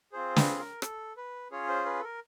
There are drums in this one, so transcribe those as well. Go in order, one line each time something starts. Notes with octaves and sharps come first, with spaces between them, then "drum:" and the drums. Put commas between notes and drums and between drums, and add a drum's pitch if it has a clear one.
C4 F4 G#4 C5
B4, drum: snare
A#4
A4, drum: rim click
B4
C#4 F4 G#4 C#5
C5
B4
A4
A#4